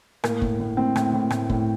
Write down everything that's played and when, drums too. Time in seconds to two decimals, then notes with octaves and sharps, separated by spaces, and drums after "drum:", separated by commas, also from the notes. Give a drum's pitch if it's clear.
0.24 A2 A#3, drum: rim click
0.42 A2, drum: kick
0.60 A2
0.77 A2 C4
0.96 A2, drum: rim click
1.13 A2
1.30 A2, drum: rim click
1.50 A2, drum: kick